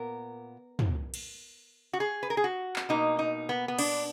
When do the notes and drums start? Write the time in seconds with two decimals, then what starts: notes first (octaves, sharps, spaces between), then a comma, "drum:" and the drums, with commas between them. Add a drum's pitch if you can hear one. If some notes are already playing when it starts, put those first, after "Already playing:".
Already playing: A#2 B3 A#4
0.79 drum: tom
1.14 drum: cymbal
1.93 F#4
2.00 G#4
2.23 B4
2.30 A#4
2.37 G#4
2.44 F#4
2.76 drum: clap
2.89 B2 A#3 D#4
3.19 D#4
3.49 B3
3.68 B3
3.79 D4, drum: cymbal